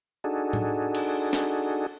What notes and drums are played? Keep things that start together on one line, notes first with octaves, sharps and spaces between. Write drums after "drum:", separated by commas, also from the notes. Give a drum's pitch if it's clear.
D4 D#4 F#4 G#4 A4
drum: tom A2
drum: cymbal
drum: snare